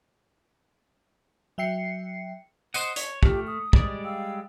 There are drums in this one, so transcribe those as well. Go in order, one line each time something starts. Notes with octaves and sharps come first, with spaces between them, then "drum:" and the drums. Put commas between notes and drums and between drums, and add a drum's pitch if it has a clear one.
F#3 E5 G5 C7 C#7
C5 D#5 F#5, drum: tambourine
C#5, drum: hi-hat
A3 F4 G4 F6, drum: kick
D#6
G3 G#3 D5, drum: kick
F5 G5 E6